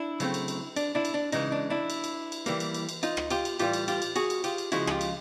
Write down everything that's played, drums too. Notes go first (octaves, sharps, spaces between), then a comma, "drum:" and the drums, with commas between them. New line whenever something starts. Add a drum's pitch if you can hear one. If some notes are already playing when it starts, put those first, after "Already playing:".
Already playing: D4 E4
C#3 F#3 A3 C4, drum: cymbal
drum: cymbal
drum: cymbal
D4, drum: cymbal
D4 E4
drum: cymbal
D4
C#3 E3 G#3 D#4, drum: cymbal
D4
D4 E4
drum: cymbal
drum: cymbal
drum: cymbal
E3 G3 A#3, drum: cymbal
drum: cymbal
drum: cymbal
drum: cymbal
D#4 F4, drum: cymbal
drum: rim click
F4 G4, drum: cymbal
drum: cymbal
A2 E3 G3 F4 G4, drum: cymbal
drum: cymbal
F4 G4, drum: cymbal
drum: cymbal
F#4 G#4, drum: cymbal
drum: cymbal
F4 G4, drum: cymbal
drum: cymbal
C#3 F3 G#3 E4 F#4, drum: cymbal
G#4, drum: rim click
F4 G4
drum: cymbal